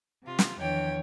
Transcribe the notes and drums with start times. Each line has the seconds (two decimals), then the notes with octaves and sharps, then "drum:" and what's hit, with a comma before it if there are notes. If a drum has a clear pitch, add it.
0.24 C3 F4
0.39 drum: snare
0.60 E2 D#3 F3 D4 C#5 G5